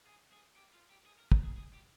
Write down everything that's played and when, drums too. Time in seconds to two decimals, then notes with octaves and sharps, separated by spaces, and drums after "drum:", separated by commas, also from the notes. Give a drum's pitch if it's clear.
0.06 G#4
0.32 G#4
0.56 G4
0.73 F4
0.90 G4
1.06 G#4
1.19 A#4
1.32 G#4, drum: kick
1.44 G#4
1.57 G#4
1.73 G4